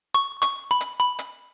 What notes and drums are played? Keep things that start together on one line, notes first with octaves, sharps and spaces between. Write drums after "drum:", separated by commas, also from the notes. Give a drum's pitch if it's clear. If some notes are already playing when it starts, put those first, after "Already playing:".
C#6
C#6, drum: hi-hat
B5
drum: hi-hat
B5
drum: hi-hat